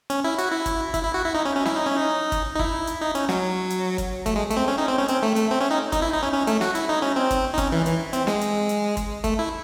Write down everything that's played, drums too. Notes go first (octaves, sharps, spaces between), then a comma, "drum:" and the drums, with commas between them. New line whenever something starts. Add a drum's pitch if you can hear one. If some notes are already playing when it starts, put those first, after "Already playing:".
C#4, drum: hi-hat
E4
F#4, drum: hi-hat
E4
drum: kick, hi-hat
E4, drum: kick, hi-hat
E4
F#4
E4
D#4
C#4
C#4
E4, drum: snare
D#4
C#4
D#4
drum: kick, hi-hat
D#4
E4, drum: kick
drum: hi-hat
D#4
C#4, drum: hi-hat
F#3, drum: snare
drum: hi-hat
drum: kick, hi-hat
A3, drum: kick, hi-hat
G#3
A3, drum: hi-hat
C4
C#4
D#4
C4
C#4
C4, drum: hi-hat
A3
A3, drum: hi-hat
C4
C#4
D#4
D#4, drum: kick, hi-hat
E4
D#4
C#4
C#4
A3, drum: hi-hat
F#4, drum: snare
E4, drum: hi-hat
D#4
C#4
C4
drum: kick, hi-hat
D#4
C#4, drum: kick, hi-hat
E3
E3, drum: hi-hat
C4, drum: hi-hat
G#3, drum: snare
drum: hi-hat
drum: hi-hat
drum: kick, hi-hat
A3, drum: kick, hi-hat
E4